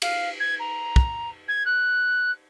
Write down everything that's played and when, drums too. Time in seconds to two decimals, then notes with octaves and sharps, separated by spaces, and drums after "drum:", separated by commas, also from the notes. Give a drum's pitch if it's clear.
0.02 F5, drum: cymbal
0.39 G#6
0.59 A#5
0.96 drum: kick
1.48 G#6
1.65 F#6